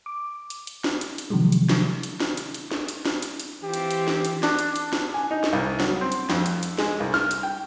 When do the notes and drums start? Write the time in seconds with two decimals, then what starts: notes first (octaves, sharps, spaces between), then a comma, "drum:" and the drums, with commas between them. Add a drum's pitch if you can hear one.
0.06 D6
0.50 drum: hi-hat
0.67 drum: hi-hat
0.84 drum: snare
1.01 drum: hi-hat
1.18 drum: hi-hat
1.30 C3 D#3 F3 F#3 G#3
1.52 drum: hi-hat
1.69 drum: snare
2.03 drum: hi-hat
2.20 drum: snare
2.37 drum: hi-hat
2.54 drum: hi-hat
2.71 drum: snare
2.88 drum: hi-hat
3.05 drum: snare
3.23 drum: hi-hat
3.40 drum: hi-hat
3.64 E3 C4 F4 G4
3.74 drum: hi-hat
3.91 drum: hi-hat
4.08 drum: snare
4.25 drum: hi-hat
4.43 D4, drum: snare
4.59 drum: hi-hat
4.76 drum: hi-hat
4.93 drum: snare
5.14 G#5
5.31 D#4
5.44 drum: snare
5.53 C2
5.80 F#3, drum: snare
6.01 C4
6.12 drum: hi-hat
6.30 F2, drum: snare
6.46 drum: hi-hat
6.63 drum: hi-hat
6.78 G#3, drum: snare
7.00 C2
7.14 F6, drum: snare
7.31 drum: hi-hat
7.43 G5